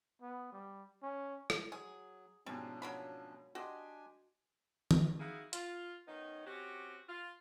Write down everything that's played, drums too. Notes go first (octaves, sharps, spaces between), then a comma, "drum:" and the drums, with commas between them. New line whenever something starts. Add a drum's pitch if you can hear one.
B3
G3
C#4
drum: rim click
F#3 G#4
G#2 B2 F3 G3 C#4 D4
F#3 A#3 B5
D4 F#4 G4 D#5 G#5 C6
drum: tom
D#4 E4 F#4 G#4 F5
F4, drum: hi-hat
D#3 B3 C#4 D#4
C4 C#4 F#4 G4
F4